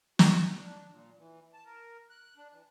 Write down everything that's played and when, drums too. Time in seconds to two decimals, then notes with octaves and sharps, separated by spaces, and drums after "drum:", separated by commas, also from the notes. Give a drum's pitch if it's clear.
0.19 F#4, drum: snare
0.55 D4
0.91 A#2
1.19 E3
1.54 A5
1.66 A#4
2.10 F#6
2.37 D4
2.52 E3